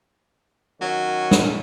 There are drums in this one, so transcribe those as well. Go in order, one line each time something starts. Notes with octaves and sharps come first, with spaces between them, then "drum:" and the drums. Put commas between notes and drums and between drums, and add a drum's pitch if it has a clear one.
D#3 F#3 C#4 C#5
drum: snare